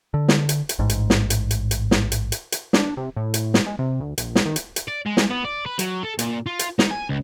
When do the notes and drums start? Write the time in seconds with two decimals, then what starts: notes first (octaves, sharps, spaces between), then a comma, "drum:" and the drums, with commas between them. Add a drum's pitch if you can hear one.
0.14 D3
0.28 drum: snare
0.49 drum: hi-hat
0.69 drum: hi-hat
0.79 A1 G#2
0.90 drum: hi-hat
1.10 drum: snare
1.30 drum: hi-hat
1.51 drum: hi-hat
1.71 drum: hi-hat
1.91 drum: snare
2.12 drum: hi-hat
2.32 drum: hi-hat
2.52 drum: hi-hat
2.73 D4, drum: snare
2.97 C3
3.16 A2
3.34 drum: hi-hat
3.54 drum: snare
3.66 G#3
3.79 C3
4.01 D2
4.18 A#1, drum: hi-hat
4.35 drum: snare
4.46 D#3
4.56 drum: hi-hat
4.76 drum: hi-hat
4.88 D5
5.06 G#3
5.17 drum: snare
5.30 B3
5.45 D5
5.66 B4
5.79 F#3, drum: hi-hat
6.03 A4
6.19 A#2, drum: hi-hat
6.46 F4
6.59 drum: hi-hat
6.79 D#4, drum: snare
6.91 G#5
7.09 C#2